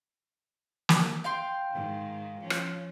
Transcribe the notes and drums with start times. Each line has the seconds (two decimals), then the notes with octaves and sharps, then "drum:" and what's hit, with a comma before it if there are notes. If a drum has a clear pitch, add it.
0.89 drum: snare
1.24 F5 G5 C6
1.71 G#2 D#3
2.40 F3 C#4
2.50 drum: rim click